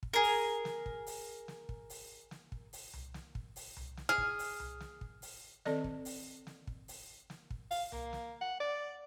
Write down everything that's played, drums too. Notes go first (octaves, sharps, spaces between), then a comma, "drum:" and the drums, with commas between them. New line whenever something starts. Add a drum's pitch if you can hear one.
drum: kick
G#4 A#4
drum: open hi-hat
drum: snare
drum: kick
drum: open hi-hat
drum: snare
drum: kick
drum: open hi-hat
drum: snare
drum: kick
drum: open hi-hat
drum: tom C2
drum: snare
drum: kick
drum: open hi-hat
drum: tom C2
drum: snare
G#4 F6
drum: kick
drum: open hi-hat
drum: tom C2
drum: snare
drum: kick
drum: open hi-hat
D#3 C4 A4 D5 D#5, drum: snare
drum: kick
drum: open hi-hat
drum: snare
drum: kick
drum: open hi-hat
drum: snare
drum: kick
F5, drum: open hi-hat
A#3, drum: tom C2
drum: snare
F#5
D5